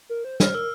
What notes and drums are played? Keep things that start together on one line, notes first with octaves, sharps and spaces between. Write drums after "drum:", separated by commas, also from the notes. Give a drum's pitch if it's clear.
A#4
C5
C5 F6, drum: snare
A#4 E6